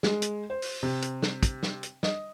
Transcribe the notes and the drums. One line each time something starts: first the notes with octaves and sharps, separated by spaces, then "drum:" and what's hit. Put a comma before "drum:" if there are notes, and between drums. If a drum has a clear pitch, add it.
G#3, drum: snare
drum: hi-hat
C5
drum: open hi-hat
C3
drum: hi-hat
drum: snare
drum: kick, hi-hat
drum: snare
drum: hi-hat
D#5, drum: snare